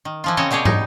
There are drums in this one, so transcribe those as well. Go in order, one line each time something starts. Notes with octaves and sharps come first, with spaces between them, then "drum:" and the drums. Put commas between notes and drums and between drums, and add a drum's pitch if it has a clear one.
D#3
E3 F3 F4
C#3 A#3 C4 C#5 D#5 A5
B2 G3 G4 G#4 C#5
D#4, drum: tom